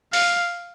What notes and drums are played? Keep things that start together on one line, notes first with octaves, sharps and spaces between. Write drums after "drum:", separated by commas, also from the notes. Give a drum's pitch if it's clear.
F5, drum: open hi-hat